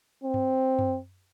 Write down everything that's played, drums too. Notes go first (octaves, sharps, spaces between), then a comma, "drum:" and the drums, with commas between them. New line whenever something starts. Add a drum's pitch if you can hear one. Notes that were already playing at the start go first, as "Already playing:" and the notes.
C4
drum: tom G2
drum: tom F#2